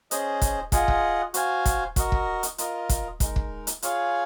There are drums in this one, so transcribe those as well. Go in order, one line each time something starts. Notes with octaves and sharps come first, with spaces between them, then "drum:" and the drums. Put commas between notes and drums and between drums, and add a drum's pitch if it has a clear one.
C#4 G#4 C5 D#5, drum: hi-hat
drum: kick, hi-hat
F4 G#4 D#5 F#5, drum: kick, hi-hat
drum: kick
F#4 C5 F5 G#5, drum: hi-hat
drum: kick, hi-hat
F#4 A#4 D#5 F#5, drum: kick, hi-hat
drum: kick
drum: hi-hat
F4 A#4 D#5, drum: hi-hat
drum: kick, hi-hat
G#3 D#4 A#4, drum: kick, hi-hat
drum: kick
drum: hi-hat
F4 G#4 C#5 F5 G#5, drum: hi-hat